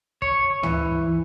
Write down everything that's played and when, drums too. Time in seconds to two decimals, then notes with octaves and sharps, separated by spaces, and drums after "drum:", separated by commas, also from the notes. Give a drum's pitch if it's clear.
0.22 C#5, drum: kick
0.63 E3, drum: tom